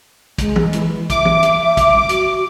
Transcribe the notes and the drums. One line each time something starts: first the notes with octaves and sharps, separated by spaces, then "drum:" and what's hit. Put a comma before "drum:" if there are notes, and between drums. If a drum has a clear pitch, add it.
G#3, drum: kick, hi-hat
drum: tom
E3, drum: hi-hat
E5 D6, drum: kick, hi-hat
drum: tom
drum: hi-hat
drum: kick, hi-hat
drum: tom
F#4, drum: hi-hat